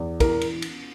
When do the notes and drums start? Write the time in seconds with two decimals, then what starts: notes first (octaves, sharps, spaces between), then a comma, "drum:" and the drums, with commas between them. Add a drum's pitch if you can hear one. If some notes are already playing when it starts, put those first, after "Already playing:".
Already playing: E2
0.20 E3 A#4, drum: kick, cymbal
0.41 drum: cymbal
0.62 drum: cymbal